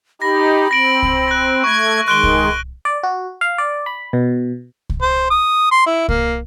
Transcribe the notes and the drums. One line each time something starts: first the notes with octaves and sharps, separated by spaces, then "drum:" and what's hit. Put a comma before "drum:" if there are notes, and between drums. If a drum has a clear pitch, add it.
D#4 G4 B5 A#6
C4 A#6 D7 F#7
drum: kick C2
F#6 A#6
A3 C#6 G#6
D#3 G#3 C6 F#6 D7 G7
drum: kick C2
D5
F#4
F5
D5
B5
B2
drum: kick C2
C5
D#6
C6
E4
A#3, drum: kick C2